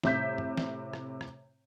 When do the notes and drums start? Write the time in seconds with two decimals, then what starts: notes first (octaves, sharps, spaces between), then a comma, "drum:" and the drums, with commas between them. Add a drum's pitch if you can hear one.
0.03 A2 C3 E5 G6 B6, drum: snare
0.38 drum: tom F#2
0.57 drum: snare
0.93 drum: rim click
1.21 drum: rim click